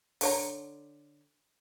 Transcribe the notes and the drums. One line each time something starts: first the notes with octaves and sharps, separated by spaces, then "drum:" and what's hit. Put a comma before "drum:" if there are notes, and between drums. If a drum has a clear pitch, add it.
D3 C#5 A#5, drum: open hi-hat